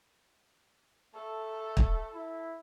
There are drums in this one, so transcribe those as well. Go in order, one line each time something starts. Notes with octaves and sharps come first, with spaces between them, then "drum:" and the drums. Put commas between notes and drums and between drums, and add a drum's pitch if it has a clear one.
A3 A4
drum: kick
E4